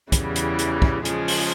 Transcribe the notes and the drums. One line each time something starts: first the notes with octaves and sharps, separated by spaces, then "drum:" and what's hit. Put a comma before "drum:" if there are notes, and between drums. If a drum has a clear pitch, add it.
E2 C#3 E3 G3, drum: kick, hi-hat
drum: hi-hat
drum: hi-hat
drum: kick
C#3 F3 G#3, drum: hi-hat
drum: open hi-hat